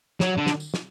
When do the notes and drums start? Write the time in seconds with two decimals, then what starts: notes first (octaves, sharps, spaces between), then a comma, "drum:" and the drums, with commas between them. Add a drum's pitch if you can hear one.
0.20 F#3, drum: snare
0.37 D3
0.47 drum: snare
0.60 drum: tambourine
0.74 drum: snare